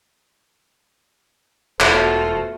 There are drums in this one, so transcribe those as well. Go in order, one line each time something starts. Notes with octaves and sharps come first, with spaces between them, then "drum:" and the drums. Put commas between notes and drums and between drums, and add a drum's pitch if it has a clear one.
E1 A3 B3 F4 F#4 A4 C5 E5, drum: clap